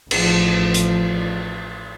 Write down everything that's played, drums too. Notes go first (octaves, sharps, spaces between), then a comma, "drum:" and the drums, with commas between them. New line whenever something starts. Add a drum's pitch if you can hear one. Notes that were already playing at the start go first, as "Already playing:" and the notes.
A1 F3, drum: cymbal
drum: hi-hat